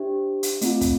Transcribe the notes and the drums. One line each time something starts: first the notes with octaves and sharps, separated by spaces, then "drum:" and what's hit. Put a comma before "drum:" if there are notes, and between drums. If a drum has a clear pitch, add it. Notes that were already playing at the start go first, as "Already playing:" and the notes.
Already playing: D4 G4 C5 E5 G5
drum: hi-hat
A3 C4 F4, drum: hi-hat
drum: kick, hi-hat